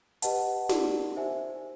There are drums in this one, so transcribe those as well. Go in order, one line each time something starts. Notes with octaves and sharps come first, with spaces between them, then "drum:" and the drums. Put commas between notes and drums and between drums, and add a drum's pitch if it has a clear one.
G4 B4 D#5 F#5 A5, drum: hi-hat
D#4 G4 A#4 D5, drum: snare
C5 E5 G#5